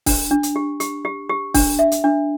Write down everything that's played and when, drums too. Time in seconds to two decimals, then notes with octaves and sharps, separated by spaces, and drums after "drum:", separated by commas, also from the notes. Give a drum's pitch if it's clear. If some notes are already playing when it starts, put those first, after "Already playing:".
0.06 D4, drum: kick, open hi-hat
0.31 D4
0.43 drum: hi-hat
0.56 G4
0.80 G4, drum: hi-hat
1.05 G4
1.29 G4
1.54 D4, drum: kick, open hi-hat
1.79 E5
1.92 drum: hi-hat
2.04 D4